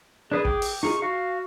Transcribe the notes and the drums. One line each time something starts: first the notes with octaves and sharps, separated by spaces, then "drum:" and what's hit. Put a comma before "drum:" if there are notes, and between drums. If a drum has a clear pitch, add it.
D4 G#4 B4 D#6
G5 D6, drum: kick
drum: open hi-hat
D#4 F4 G#4 C#6
F#4 F5